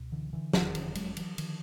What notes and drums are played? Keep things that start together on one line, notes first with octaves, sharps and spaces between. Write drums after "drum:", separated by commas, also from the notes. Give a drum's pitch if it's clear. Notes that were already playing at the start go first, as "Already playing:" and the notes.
Already playing: C#2 B2
D3 E3
D3 E3
F1 E2 C3 D#3, drum: snare
D3 E3, drum: cymbal
F#3 G#3, drum: cymbal
E3 F#3, drum: cymbal
D3 D#3 F3, drum: cymbal